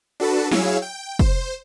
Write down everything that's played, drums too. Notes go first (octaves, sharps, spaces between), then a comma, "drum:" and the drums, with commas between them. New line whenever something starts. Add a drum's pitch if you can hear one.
D4 F#4 A4 B4 A5
F#3 E4 G#4 C#5 F5 E6, drum: snare
G5
C5, drum: kick